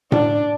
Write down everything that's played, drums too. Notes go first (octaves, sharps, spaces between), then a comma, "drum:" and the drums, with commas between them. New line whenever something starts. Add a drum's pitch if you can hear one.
D4, drum: tom A2